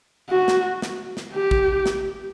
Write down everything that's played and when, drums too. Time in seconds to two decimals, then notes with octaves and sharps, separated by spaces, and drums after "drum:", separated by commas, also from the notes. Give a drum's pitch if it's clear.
0.30 F#4
0.48 drum: snare
0.82 drum: snare
1.17 drum: snare
1.34 G4
1.51 drum: kick
1.86 drum: snare